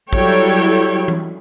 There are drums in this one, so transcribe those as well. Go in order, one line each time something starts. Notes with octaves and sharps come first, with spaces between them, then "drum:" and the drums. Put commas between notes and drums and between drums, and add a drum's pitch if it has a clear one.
F#3 G3 E4 A4 C#5 G5, drum: kick
drum: tom E3